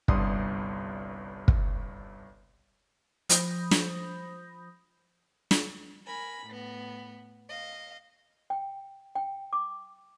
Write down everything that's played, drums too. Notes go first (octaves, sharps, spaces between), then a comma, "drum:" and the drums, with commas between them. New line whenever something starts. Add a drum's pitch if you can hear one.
G1 C2 G2 D5 C6 D#6, drum: kick
drum: kick
F3 C5 B5 D#6 G6 A#6, drum: hi-hat
drum: snare
drum: snare
A#4 G#5 B5
A2 B3
D#5 F5
G5
G5
D6